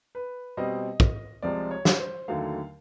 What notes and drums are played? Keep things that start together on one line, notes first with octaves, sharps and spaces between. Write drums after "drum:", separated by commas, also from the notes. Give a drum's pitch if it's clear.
B4
B2 G3 C4 D#5
drum: kick
C2 C3 F3 G#3 D5
C#5
drum: snare
C5
D#2 D3 F#3 A3 F5